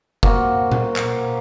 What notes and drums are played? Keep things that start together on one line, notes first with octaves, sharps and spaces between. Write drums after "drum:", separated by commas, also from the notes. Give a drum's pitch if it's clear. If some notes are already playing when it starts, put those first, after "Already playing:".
A#3 F#4 C5, drum: kick
drum: tom A#2
drum: clap